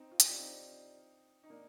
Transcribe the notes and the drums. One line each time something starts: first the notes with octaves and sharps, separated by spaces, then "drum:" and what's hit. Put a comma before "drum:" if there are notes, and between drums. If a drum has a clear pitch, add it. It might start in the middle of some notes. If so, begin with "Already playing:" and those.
Already playing: C4 D#4
F4
G4, drum: hi-hat
D4 F4
C4 D#4
D#4
A#3 D4